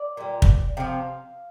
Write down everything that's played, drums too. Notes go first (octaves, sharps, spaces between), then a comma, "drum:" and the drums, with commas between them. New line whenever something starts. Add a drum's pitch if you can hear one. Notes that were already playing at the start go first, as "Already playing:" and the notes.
Already playing: D5
A#2 G3
drum: kick
C3 F3 F5